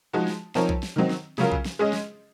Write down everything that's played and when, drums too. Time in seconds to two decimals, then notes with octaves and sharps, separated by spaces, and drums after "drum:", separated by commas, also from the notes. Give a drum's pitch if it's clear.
0.13 F3 G#3 D#4 F#4
0.28 drum: snare
0.55 F3 C4 D#4 A#4 C#5, drum: snare
0.69 drum: kick B1
0.83 drum: snare
0.96 D#3 F#3 C4 D#4
1.10 drum: snare
1.38 C#3 F#3 C#4 F4 A#4, drum: snare
1.52 drum: kick B1
1.65 drum: snare
1.79 G#3 C#4 G#4 D#5
1.93 drum: snare